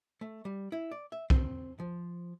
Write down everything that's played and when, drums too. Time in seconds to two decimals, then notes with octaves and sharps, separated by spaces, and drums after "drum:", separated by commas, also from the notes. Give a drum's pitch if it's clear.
0.21 A3
0.45 G3
0.72 E4
0.91 D5
1.12 E5
1.30 C4, drum: kick
1.80 F3